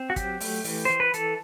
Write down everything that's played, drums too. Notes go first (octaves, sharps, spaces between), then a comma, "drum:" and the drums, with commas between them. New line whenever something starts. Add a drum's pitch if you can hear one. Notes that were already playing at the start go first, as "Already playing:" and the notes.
Already playing: C4
F#4
F#3 G4, drum: kick, hi-hat
A3, drum: open hi-hat
E3, drum: open hi-hat
E3 C5
B4
E3 A4, drum: hi-hat